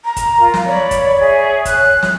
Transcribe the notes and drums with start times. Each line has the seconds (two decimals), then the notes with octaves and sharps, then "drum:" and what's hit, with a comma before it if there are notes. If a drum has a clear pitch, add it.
0.05 A#5
0.16 drum: kick, hi-hat
0.39 F4 A#4
0.54 drum: snare
0.66 C#5 D5 B5
0.91 drum: kick, hi-hat
1.20 G#4 E5
1.65 F#6, drum: kick, hi-hat
2.03 drum: snare